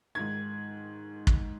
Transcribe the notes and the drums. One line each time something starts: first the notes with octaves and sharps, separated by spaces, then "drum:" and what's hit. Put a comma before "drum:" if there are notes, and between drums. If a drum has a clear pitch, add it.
G#2 D#3 G#6
drum: kick